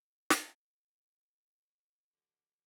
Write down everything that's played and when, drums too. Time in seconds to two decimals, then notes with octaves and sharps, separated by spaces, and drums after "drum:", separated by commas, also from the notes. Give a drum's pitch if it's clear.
0.30 drum: snare
1.28 A5
1.59 C#5
2.09 D3 F#3